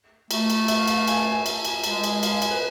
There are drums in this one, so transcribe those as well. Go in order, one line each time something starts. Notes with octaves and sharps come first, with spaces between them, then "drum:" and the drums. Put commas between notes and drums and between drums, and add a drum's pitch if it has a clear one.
A3, drum: cymbal
drum: cymbal
E5, drum: cymbal
F5
A5, drum: cymbal
F5
G#5, drum: cymbal
A5
G#5
E5
drum: cymbal
G#5, drum: cymbal
G#3 A5, drum: cymbal
G#5, drum: cymbal
F5, drum: cymbal
G#5
G#5, drum: cymbal
B4